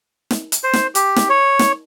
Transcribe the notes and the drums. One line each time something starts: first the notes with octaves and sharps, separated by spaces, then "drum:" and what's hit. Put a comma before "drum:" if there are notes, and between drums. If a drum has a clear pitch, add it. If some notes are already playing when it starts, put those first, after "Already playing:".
drum: snare
drum: hi-hat
C5
drum: snare
G4, drum: hi-hat
drum: snare
C#5
drum: snare